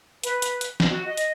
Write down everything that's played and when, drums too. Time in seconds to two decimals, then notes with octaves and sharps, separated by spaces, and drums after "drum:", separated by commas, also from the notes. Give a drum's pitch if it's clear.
0.24 B4, drum: hi-hat
0.42 drum: hi-hat
0.61 drum: hi-hat
0.80 drum: snare
0.90 F#4
1.07 D#5
1.17 drum: hi-hat